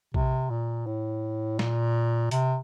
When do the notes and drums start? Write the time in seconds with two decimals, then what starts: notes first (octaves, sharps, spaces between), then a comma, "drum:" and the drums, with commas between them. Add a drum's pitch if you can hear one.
0.14 C3, drum: kick A#1
0.50 A#2
0.87 A2
1.59 A#2, drum: snare
2.31 C3, drum: hi-hat